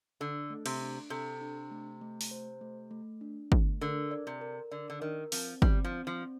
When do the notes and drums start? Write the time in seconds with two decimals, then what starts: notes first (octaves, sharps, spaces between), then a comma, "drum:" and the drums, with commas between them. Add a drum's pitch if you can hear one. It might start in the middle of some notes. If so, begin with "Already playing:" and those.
0.21 D3 A4
0.50 A3
0.66 C3, drum: cymbal
0.81 D4
1.10 C3 A4
1.41 D4
1.71 A3
2.01 A3
2.21 drum: open hi-hat
2.31 C5
2.61 A3
2.91 A3
3.21 D4
3.52 A3, drum: kick
3.81 D3 A#4
4.11 D5
4.27 C3
4.41 A#4
4.72 D3 D5
4.90 D3
5.01 D#3 A#4
5.32 F3 C4, drum: open hi-hat
5.62 G3 C4, drum: kick
5.84 F3
5.92 C4
6.07 F3
6.22 C4